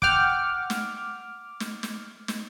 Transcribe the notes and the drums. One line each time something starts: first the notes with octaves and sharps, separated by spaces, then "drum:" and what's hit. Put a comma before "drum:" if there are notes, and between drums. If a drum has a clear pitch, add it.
F#5 G5 D6 F6, drum: kick
drum: snare
drum: snare
drum: snare
drum: snare